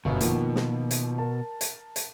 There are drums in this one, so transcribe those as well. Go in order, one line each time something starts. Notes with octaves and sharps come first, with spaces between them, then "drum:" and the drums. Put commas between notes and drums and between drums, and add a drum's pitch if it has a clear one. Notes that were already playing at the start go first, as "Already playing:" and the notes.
G1 F#2 B2
D#3 F3 A#3, drum: hi-hat
drum: snare
drum: hi-hat
A#4 A5
drum: hi-hat
drum: hi-hat